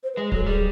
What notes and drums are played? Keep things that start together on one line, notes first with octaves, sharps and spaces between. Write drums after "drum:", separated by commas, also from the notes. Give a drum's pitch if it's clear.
C5
B4
G#3
F#3 A4, drum: kick D1
G3 G#4